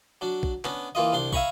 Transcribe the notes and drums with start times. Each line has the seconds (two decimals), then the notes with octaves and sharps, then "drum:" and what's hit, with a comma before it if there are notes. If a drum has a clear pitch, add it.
0.21 F#3 D4
0.43 drum: kick
0.65 B3 C#4 D4, drum: clap
0.95 E3 A#3 F4 D#5
1.13 C2 D4 C6
1.33 E5 F5 G#5 A#5 B5 C#6, drum: kick